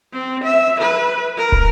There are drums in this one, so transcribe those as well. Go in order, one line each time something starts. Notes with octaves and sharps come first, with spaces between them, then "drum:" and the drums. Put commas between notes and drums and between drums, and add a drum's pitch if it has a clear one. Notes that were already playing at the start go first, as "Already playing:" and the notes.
C4
E5
B4
A#4
drum: kick